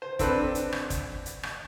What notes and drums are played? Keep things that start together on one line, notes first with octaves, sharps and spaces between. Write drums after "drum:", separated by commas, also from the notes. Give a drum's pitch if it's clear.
C5
C4 D4 A4 B4, drum: kick, hi-hat
drum: hi-hat
drum: rim click
drum: kick, hi-hat
drum: hi-hat
drum: rim click